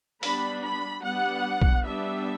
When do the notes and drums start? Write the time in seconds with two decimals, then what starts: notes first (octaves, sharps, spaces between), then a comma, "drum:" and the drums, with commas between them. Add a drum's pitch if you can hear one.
0.23 G3 B3 D4 B5, drum: open hi-hat
0.63 B5
1.04 G3 B3 D4 F#5
1.62 drum: kick A#1
1.85 G3 B3 D4 E5